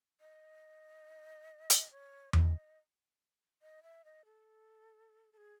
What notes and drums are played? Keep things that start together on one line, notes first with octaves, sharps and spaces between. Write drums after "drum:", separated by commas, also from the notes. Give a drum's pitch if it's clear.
D#5
drum: hi-hat
C#5
D#5, drum: tom E2
D#5
E5
D#5
A4
A4
G#4